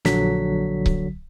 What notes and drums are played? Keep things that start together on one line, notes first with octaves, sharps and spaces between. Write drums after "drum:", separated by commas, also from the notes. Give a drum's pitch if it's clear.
A#1 D3 F#3 B6, drum: snare
drum: kick C#1